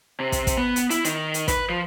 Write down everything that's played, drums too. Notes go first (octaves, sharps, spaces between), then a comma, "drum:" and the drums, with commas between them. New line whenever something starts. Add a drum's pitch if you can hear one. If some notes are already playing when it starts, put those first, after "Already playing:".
C3
drum: kick, hi-hat
drum: kick, hi-hat
B3
drum: hi-hat
E4, drum: hi-hat
D#3, drum: hi-hat
drum: hi-hat
B4, drum: kick, hi-hat
F3